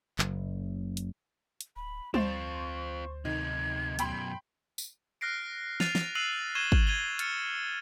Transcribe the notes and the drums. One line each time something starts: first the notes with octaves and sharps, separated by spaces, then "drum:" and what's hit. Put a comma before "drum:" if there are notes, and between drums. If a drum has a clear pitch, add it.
F#1, drum: clap
drum: hi-hat
drum: hi-hat
D1 B5
D2 C4 F4 C5 C#6 A6 E7, drum: tom G3
C3 D#3 D#4 G#6
F#2 B2 G5 B5 C6, drum: hi-hat
drum: tambourine
F6 F#6 A#6 C7 D7
F6 A6 C7 D#7 F7, drum: snare
drum: snare
E6 F#6 C7 D#7 F7 F#7
C#6 G#6 C7 D#7 E7 G7
drum: kick
G#6 D#7 F7 G7
F6 A6 C#7, drum: hi-hat